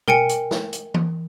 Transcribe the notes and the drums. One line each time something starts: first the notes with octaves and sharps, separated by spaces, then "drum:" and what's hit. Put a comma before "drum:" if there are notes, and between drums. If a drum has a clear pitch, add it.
A#4 G5 G#5 C#7, drum: tom B2
drum: hi-hat
drum: snare
drum: hi-hat
drum: tom E3